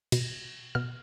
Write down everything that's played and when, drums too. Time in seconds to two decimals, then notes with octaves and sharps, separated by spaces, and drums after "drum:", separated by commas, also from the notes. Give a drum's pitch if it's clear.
0.12 B2, drum: cymbal
0.75 B2 F6